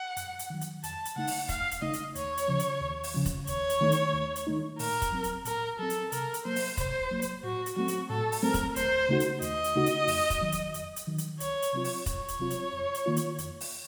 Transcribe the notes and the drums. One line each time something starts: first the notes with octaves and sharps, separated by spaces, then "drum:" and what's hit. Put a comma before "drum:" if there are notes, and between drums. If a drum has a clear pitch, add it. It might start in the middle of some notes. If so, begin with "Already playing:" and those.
Already playing: F#5
F#2, drum: hi-hat
drum: hi-hat
D#3 F#3
drum: hi-hat
F2 A5, drum: hi-hat
drum: hi-hat
C#3 A3 D#4 F#5
drum: open hi-hat
F2 F5, drum: kick, hi-hat
drum: hi-hat
C#3 A3 D#4 D#5
drum: hi-hat
D#2 C#5, drum: hi-hat
drum: hi-hat
C#3 F3
drum: hi-hat
D#2
drum: open hi-hat
C#3 F3
drum: kick, hi-hat
D#2 C#5, drum: hi-hat
drum: hi-hat
D#3 A3 D#4
drum: hi-hat
D#2
drum: hi-hat
D#3 A3 D#4
A#2 A#4, drum: open hi-hat
drum: kick, hi-hat
F#3 C4
drum: hi-hat
A#2 A#4, drum: hi-hat
F#3 C4 A4
drum: hi-hat
C3 A#4, drum: hi-hat
drum: hi-hat
F#3 A#3 C5
drum: open hi-hat
C3 C5, drum: kick, hi-hat
F#3 A#3
drum: hi-hat
A2 F#4
drum: hi-hat
F#3 A3 C4 F#4
drum: hi-hat
A2 A4
drum: open hi-hat
F#3 A3 C4 A#4
drum: kick, hi-hat
D#2 C5, drum: hi-hat
C#3 A3 D#4 F#4
drum: hi-hat
D#2 D#5, drum: hi-hat
drum: hi-hat
C#3 A3 D#4 F#4
drum: hi-hat
F2, drum: open hi-hat
drum: kick, hi-hat
D#3 F#3
drum: hi-hat
F2, drum: hi-hat
drum: hi-hat
D#3 F#3
drum: hi-hat
C2 C#5, drum: hi-hat
drum: hi-hat
C3 F#3 C4 F4
drum: open hi-hat
C2 C#5, drum: kick, hi-hat
drum: hi-hat
C3 F#3 C4 F4
drum: hi-hat
F2
drum: hi-hat
D#3 A#3 F4
drum: hi-hat
F2, drum: hi-hat
drum: open hi-hat